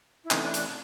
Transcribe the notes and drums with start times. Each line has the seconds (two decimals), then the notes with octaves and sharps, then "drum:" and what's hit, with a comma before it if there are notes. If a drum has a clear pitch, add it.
0.24 E4
0.31 C3 E3 A3 C#4 D#4, drum: clap
0.43 D4
0.54 D4, drum: hi-hat